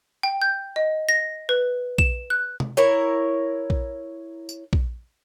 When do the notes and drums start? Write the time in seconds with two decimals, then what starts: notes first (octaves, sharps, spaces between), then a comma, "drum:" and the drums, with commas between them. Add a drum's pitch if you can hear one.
0.23 G5
0.42 G6
0.76 D#5
1.09 A#6
1.49 B4
1.98 E7, drum: kick A#1
2.30 F#6
2.60 drum: tom C3
2.77 E4 A#4 C#5
3.70 drum: kick A#1
4.49 drum: tambourine
4.73 drum: kick A#1